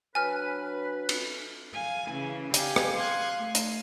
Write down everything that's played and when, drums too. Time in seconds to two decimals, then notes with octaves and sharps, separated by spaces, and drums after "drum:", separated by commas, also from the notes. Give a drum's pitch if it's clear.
0.15 F#3 D4 B4 G#5 F6
1.09 drum: cymbal
1.73 F5 G#5
2.08 C#3 E3
2.54 G4 F5 G#5, drum: hi-hat
2.76 drum: rim click
2.97 F5 G#5 C6 F#6
3.38 A3
3.55 drum: hi-hat